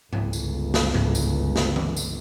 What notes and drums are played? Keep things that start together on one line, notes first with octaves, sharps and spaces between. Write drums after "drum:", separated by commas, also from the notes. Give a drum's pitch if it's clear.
G1 C#2, drum: tom G#2
drum: tambourine
drum: snare
drum: tom G#2
drum: tambourine
drum: snare
drum: tom E3
drum: tambourine